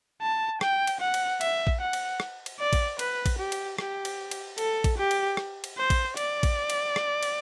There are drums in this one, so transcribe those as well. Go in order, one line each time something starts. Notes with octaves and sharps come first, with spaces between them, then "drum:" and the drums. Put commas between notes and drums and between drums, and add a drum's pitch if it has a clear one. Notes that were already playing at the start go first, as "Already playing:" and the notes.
A5
G5, drum: rim click
drum: cymbal
F#5
drum: cymbal
E5, drum: cymbal
drum: kick A#1
F#5
drum: cymbal
drum: rim click
drum: cymbal
D5
drum: kick A#1, cymbal
B4, drum: cymbal
drum: kick A#1, cymbal
G4
drum: cymbal
G4, drum: rim click
drum: cymbal
drum: cymbal
A4, drum: cymbal
drum: kick A#1, cymbal
G4
drum: cymbal
drum: rim click
drum: cymbal
C5
drum: kick A#1, cymbal
D5, drum: cymbal
drum: kick A#1, cymbal
drum: cymbal
drum: rim click
drum: cymbal